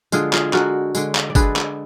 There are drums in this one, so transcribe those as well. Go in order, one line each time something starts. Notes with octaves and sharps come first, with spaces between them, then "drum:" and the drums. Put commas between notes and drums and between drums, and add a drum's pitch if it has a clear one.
D3 G#3 F4 G#4, drum: tambourine
F4 G#4, drum: clap
D3 G#3 F#4 A#4, drum: clap
D3 G#3, drum: tambourine
drum: clap
D5
D3 G#3 G#4 B4, drum: kick G1, tambourine
drum: clap